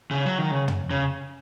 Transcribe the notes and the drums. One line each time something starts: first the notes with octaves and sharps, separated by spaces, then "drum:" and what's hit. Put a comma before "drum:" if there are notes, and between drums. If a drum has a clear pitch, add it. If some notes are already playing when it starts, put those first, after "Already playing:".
C#3
F#3
D#3
C#3
drum: tom
C#3